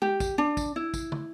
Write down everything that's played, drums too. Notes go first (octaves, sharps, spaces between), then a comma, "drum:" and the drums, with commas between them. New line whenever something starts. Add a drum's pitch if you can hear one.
G4, drum: tom G#3
drum: kick, tambourine
D4
drum: kick, tambourine
E4
drum: kick, tambourine
drum: tom